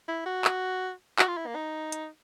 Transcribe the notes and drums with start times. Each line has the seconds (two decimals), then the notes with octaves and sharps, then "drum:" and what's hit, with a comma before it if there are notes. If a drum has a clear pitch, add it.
0.08 E4
0.26 F#4
0.45 drum: clap
1.19 F#4, drum: clap
1.28 F4
1.37 E4
1.46 A#3
1.55 D#4
1.92 drum: hi-hat